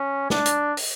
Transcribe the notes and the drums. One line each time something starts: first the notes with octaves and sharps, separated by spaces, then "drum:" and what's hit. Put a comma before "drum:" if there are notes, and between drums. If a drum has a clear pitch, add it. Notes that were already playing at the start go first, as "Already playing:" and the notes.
Already playing: C#4
D4, drum: snare
drum: hi-hat
drum: open hi-hat